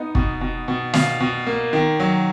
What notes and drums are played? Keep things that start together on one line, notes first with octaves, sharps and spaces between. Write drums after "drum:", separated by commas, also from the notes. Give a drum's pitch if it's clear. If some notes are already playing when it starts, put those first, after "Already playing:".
Already playing: B3 D#4
B2, drum: kick
B2
B2
B2 F5, drum: snare
B2
A#3
D#3
F#3